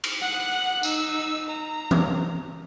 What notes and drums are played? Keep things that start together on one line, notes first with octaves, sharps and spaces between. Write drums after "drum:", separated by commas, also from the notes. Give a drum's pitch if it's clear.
drum: cymbal
F#5 F#6
D#4 E6, drum: tambourine
A#5
drum: tom E3